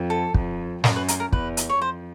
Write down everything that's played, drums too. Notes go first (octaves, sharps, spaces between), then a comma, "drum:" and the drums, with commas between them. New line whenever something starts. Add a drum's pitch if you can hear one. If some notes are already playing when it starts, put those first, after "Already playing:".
Already playing: F2
A4
F2, drum: kick
F#2 A#4, drum: snare
B4
A#4, drum: hi-hat
A#4
E2 B4, drum: kick
drum: hi-hat
C#5
F2 C5